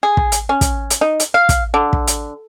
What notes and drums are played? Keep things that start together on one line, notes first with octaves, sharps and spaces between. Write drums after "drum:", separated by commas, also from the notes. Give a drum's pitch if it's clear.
G#4
drum: kick
drum: hi-hat
C#4
drum: kick, hi-hat
drum: hi-hat
D#4
drum: hi-hat
F5
drum: kick, hi-hat
D3
drum: kick
drum: hi-hat